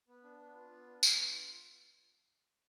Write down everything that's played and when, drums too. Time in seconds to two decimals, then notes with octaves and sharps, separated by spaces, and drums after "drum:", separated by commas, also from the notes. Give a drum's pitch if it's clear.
0.08 B3
0.23 D4
0.40 B3
0.55 F4
0.71 B3
0.87 D4
1.03 B3, drum: tambourine
1.19 F4